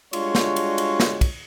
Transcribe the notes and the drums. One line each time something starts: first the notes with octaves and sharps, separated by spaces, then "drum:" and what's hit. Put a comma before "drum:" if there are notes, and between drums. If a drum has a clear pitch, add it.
G3 G#3 D4 F4 F#4 C#5, drum: cymbal
drum: snare
drum: cymbal
drum: cymbal
drum: snare
drum: kick, cymbal